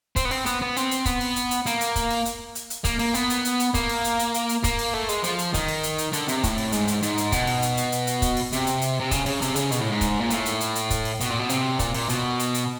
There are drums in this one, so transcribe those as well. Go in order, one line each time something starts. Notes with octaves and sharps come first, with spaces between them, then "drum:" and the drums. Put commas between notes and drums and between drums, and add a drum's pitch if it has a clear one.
C4, drum: kick, hi-hat
B3
C4, drum: open hi-hat
B3, drum: hi-hat
B3
C4, drum: hi-hat
drum: hi-hat
B3, drum: kick, hi-hat
drum: open hi-hat
drum: hi-hat
drum: hi-hat
A#3, drum: hi-hat
drum: hi-hat
drum: kick, hi-hat
drum: open hi-hat
drum: hi-hat
drum: hi-hat
drum: hi-hat
A#3, drum: kick, hi-hat
A#3, drum: open hi-hat
B3, drum: hi-hat
drum: hi-hat
drum: hi-hat
drum: hi-hat
A#3, drum: kick, hi-hat
drum: open hi-hat
drum: hi-hat
drum: hi-hat
drum: hi-hat
drum: hi-hat
A#3, drum: kick, hi-hat
drum: open hi-hat
A3
G#3, drum: hi-hat
F3, drum: hi-hat
drum: hi-hat
D#3, drum: kick, hi-hat
drum: open hi-hat
drum: hi-hat
drum: hi-hat
D3, drum: hi-hat
C3, drum: hi-hat
A2, drum: kick, hi-hat
drum: open hi-hat
G#2, drum: hi-hat
drum: hi-hat
G#2, drum: hi-hat
drum: hi-hat
B2, drum: kick, hi-hat
drum: open hi-hat
drum: hi-hat
drum: hi-hat
drum: hi-hat
drum: hi-hat
drum: kick, hi-hat
drum: open hi-hat
C3, drum: hi-hat
drum: hi-hat
drum: hi-hat
C3
C#3, drum: kick, hi-hat
C#3, drum: open hi-hat
C3, drum: hi-hat
C#3, drum: hi-hat
B2, drum: hi-hat
A2
G#2
drum: kick, hi-hat
A#2
A2, drum: hi-hat
drum: hi-hat
drum: hi-hat
drum: hi-hat
drum: kick, hi-hat
drum: open hi-hat
B2, drum: hi-hat
A#2
B2
C3, drum: hi-hat
A#2, drum: kick, hi-hat
A#2, drum: open hi-hat
B2, drum: hi-hat
drum: hi-hat
drum: hi-hat